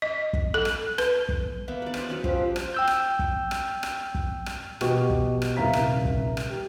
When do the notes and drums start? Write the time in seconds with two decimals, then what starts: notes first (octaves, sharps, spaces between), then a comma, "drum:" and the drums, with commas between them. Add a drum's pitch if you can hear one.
0.02 D#5
0.33 drum: kick
0.54 A4
0.65 drum: rim click
0.98 B4, drum: rim click
1.29 drum: kick
1.68 A#3 B3 E5
1.82 B4 D5
1.94 C5 D6, drum: rim click
2.09 F#3 C#4 B4
2.24 F3 G4, drum: kick
2.56 drum: rim click
2.74 G5 E6 G6
2.88 drum: rim click
3.19 drum: kick
3.51 drum: rim click
3.83 drum: rim click
4.15 drum: kick
4.46 drum: rim click
4.81 B2 F#4 G4 D#5 C#6, drum: rim click
5.10 drum: kick
5.42 drum: rim click
5.57 D#1 C2 E5 F5 A#5 B6
5.73 drum: rim click
6.05 drum: kick
6.37 drum: rim click
6.50 G4